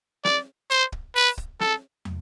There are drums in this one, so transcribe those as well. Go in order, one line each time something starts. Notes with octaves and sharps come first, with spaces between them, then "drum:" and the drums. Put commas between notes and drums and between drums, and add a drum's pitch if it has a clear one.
D5, drum: snare
C5, drum: hi-hat
drum: kick
B4, drum: open hi-hat
drum: kick
A4, drum: snare
drum: tom